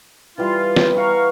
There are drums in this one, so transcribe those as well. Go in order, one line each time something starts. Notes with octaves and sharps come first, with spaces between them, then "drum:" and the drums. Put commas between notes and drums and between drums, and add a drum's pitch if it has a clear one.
E3 G3 F4
drum: snare
B4 F5 F#5 A#5 C#6